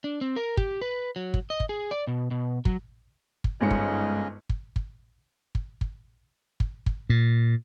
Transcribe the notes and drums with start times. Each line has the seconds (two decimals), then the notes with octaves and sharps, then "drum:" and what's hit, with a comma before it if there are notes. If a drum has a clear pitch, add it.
0.04 D4
0.21 C4
0.36 A#4
0.57 G4, drum: kick
0.82 B4
1.16 F#3
1.34 drum: kick
1.50 D#5
1.60 drum: kick
1.69 G#4
1.91 D5
2.07 B2
2.31 B2
2.65 F#3, drum: kick
3.44 drum: kick
3.61 G1 G#2 C#3 C#4 D#5 C#7
3.71 drum: kick
4.49 drum: kick
4.76 drum: kick
5.55 drum: kick
5.81 drum: kick
6.60 drum: kick
6.86 drum: kick
7.10 A#2